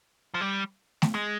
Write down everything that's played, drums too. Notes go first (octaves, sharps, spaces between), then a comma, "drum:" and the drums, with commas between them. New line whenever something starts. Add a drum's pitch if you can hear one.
F3
G3
drum: snare A3
G#3